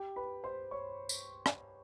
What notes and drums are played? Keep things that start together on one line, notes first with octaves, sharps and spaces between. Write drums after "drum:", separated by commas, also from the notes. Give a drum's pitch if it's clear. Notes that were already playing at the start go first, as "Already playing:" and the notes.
Already playing: G4 G5
B4 B5
C5 C6
C#5 C#6
drum: tambourine
drum: rim click